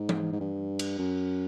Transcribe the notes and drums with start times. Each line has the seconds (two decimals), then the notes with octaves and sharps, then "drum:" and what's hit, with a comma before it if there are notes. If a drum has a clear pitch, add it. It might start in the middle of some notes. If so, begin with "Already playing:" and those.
Already playing: G#2
0.09 drum: tom E3
0.33 G#2
0.41 G2
0.79 drum: cymbal
0.99 F#2